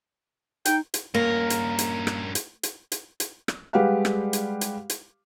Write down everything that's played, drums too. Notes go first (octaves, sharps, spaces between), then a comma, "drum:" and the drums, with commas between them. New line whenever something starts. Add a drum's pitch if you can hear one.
D#4 G5, drum: hi-hat
drum: hi-hat
G2 A#3 C#4 A#4
drum: hi-hat
drum: hi-hat
drum: rim click
drum: hi-hat
drum: hi-hat
drum: hi-hat
drum: hi-hat
drum: rim click
G3 G#3 G4 B4 F5 F#5
drum: rim click
drum: hi-hat
drum: hi-hat
drum: hi-hat